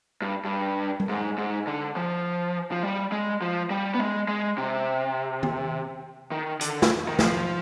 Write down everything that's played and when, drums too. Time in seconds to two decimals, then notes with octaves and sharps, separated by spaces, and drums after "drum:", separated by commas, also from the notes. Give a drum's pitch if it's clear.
0.22 G2
0.45 G2
1.00 drum: tom G3
1.09 G#2
1.38 G#2
1.67 D3
1.96 F3
2.72 F3
2.83 G3
3.12 G#3
3.41 F3
3.70 G3
3.94 B3
3.99 G#3
4.28 G#3
4.58 C3
5.43 drum: tom D#3
6.31 D#3
6.61 D3, drum: hi-hat
6.82 drum: snare
7.08 D#3
7.19 F3, drum: snare